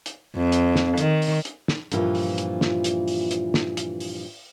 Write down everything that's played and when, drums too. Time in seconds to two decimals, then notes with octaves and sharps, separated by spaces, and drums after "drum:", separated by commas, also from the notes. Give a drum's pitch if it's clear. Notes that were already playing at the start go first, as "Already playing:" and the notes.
0.06 drum: hi-hat
0.36 F2
0.52 drum: hi-hat
0.75 drum: snare
0.98 D#3, drum: hi-hat
1.22 drum: open hi-hat
1.45 drum: hi-hat
1.68 drum: snare
1.92 G2 A#2 E3 F3, drum: hi-hat
2.15 drum: open hi-hat
2.38 drum: hi-hat
2.61 drum: snare
2.84 drum: hi-hat
3.08 drum: open hi-hat
3.31 drum: hi-hat
3.54 drum: snare
3.77 drum: hi-hat
4.00 drum: open hi-hat